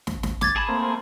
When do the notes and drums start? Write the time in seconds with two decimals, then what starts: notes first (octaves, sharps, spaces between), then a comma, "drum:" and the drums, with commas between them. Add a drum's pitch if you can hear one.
0.07 drum: snare
0.23 drum: snare
0.41 D6 G#6 A6, drum: snare
0.56 G#4 A5 B5
0.69 A3 A#3 C4